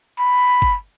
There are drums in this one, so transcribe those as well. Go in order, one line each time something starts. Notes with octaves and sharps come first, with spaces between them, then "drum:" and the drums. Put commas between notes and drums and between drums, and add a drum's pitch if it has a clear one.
B5
drum: kick G1